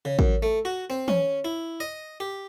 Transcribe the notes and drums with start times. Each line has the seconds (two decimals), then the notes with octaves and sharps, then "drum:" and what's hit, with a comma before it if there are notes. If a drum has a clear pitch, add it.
0.05 C#3
0.19 F#2, drum: kick A1
0.43 A3
0.65 F#4
0.90 C4
1.08 C#4, drum: tom
1.45 E4
1.80 D#5
2.20 G4